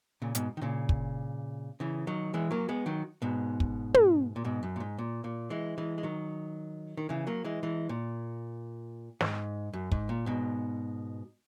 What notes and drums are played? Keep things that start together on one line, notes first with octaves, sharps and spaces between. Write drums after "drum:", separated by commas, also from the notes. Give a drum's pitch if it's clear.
A#2 C#3
G#2 B2, drum: hi-hat
D#3
A#2 C#3
drum: kick
C#3 E3
D#3 F#3
E3 G#3
F#3 A#3
G#3 B3
D#3 F#3
G#2 B2
drum: kick
drum: tom
A#2
G#2 B2
F#2
A#2
G#2
A#2
A#2
E3 G#3
E3 G#3
G#3
D#3 F#3
D#3
C#3 E3
F#3 A#3
E3 G#3
E3 G#3
A#2
G#2, drum: snare
F#2
G#2, drum: kick
A#2
G#2 B2